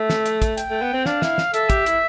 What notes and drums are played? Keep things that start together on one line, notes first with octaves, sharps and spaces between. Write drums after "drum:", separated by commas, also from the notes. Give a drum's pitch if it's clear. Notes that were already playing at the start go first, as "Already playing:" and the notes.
Already playing: A3 E5
drum: snare
drum: hi-hat
drum: kick, hi-hat
G5, drum: hi-hat
A3
B3
C4
D4 F5, drum: snare
E4, drum: snare
drum: snare
A4 E5, drum: hi-hat
G4, drum: kick, hi-hat
E4, drum: hi-hat